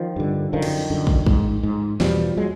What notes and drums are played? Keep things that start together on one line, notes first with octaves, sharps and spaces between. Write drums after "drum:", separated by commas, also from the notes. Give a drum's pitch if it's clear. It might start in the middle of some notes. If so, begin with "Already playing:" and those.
Already playing: D#3 F3
G2 D3
F#2 D3 D#3 F3
drum: cymbal
F#2 D3
drum: kick
G#2, drum: kick
G#2
E2 B2 F3 G3, drum: snare
F#3 G#3